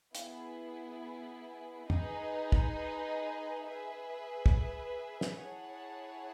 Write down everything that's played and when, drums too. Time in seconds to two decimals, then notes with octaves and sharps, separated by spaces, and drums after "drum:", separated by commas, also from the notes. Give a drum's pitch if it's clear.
0.15 B3 E4 G#4, drum: hi-hat
1.90 D#4 G#4 B4 D#5, drum: tom
2.52 drum: kick
3.65 G#4 B4 E5
4.46 drum: kick
5.21 drum: snare
5.40 E4 G#4 C#5 F#5 A5